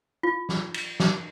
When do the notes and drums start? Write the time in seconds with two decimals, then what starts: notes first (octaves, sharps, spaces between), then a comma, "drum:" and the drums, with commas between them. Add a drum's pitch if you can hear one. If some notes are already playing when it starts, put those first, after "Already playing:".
0.23 F4
0.49 drum: snare
0.74 drum: cymbal
1.00 drum: snare